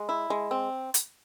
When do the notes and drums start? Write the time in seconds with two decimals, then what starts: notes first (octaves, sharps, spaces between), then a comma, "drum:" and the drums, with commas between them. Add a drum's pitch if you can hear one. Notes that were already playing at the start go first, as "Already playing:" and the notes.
Already playing: G#3
0.09 E4
0.30 G#3
0.51 C4
0.94 drum: hi-hat